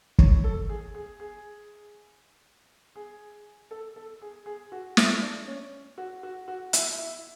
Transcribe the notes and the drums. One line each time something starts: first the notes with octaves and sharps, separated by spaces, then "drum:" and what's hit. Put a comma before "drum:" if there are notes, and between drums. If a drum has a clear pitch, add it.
C#5, drum: kick
A4
G#4
G#4
G#4
G#4
A4
A4
G#4
G#4
F#4
E4, drum: snare
D4
C#4
F#4
F#4
F#4
E4, drum: hi-hat
E4